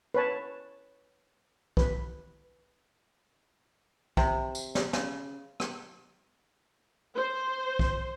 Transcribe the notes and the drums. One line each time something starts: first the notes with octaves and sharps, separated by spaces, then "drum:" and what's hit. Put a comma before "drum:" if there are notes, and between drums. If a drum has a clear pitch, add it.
B4 C#5 A5
B4, drum: kick B1
C3, drum: kick B1
drum: tambourine
drum: snare
C#3, drum: snare
drum: rim click
C5
drum: kick B1